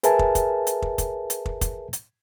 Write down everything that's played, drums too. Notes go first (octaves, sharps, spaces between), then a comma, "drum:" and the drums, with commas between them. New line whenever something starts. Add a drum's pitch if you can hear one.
G#4 A#4 B4 E5 G#5 A5, drum: hi-hat
drum: kick
drum: kick, hi-hat
drum: hi-hat
drum: kick
drum: kick, hi-hat
drum: hi-hat
drum: kick
drum: kick, hi-hat
drum: hi-hat